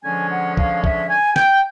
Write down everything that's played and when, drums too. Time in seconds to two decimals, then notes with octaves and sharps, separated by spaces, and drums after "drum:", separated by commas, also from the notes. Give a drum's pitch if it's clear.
0.04 D3 F3 G#3 C#4 G#5
0.30 F#5
0.57 F5, drum: kick B1
0.84 E5, drum: kick B1
1.10 G#5
1.36 G5, drum: snare